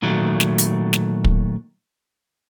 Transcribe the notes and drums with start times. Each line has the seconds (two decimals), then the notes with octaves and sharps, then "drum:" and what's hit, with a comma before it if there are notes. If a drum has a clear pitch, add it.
0.02 A#2 D#3 F#3 A3
0.40 drum: snare
0.58 drum: hi-hat
0.93 drum: snare
1.24 drum: kick